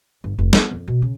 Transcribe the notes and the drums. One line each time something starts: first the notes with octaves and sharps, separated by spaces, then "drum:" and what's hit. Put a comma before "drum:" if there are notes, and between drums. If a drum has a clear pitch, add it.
G1
F1
B3, drum: snare
F2
B2
C#3